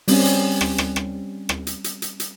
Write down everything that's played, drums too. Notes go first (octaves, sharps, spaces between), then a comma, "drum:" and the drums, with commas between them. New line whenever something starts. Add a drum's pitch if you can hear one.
G3 C4 C#4, drum: open hi-hat
drum: hi-hat
drum: rim click
drum: rim click
drum: rim click
drum: rim click
drum: hi-hat
drum: hi-hat
drum: hi-hat
drum: hi-hat